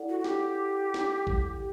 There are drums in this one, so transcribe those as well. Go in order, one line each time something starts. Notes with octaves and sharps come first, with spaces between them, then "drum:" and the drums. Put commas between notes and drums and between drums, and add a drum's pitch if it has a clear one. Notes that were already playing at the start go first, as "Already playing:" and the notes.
Already playing: E4 A4 D5 F#5
F#4
F#4
G4, drum: snare
drum: snare
drum: kick A1
G4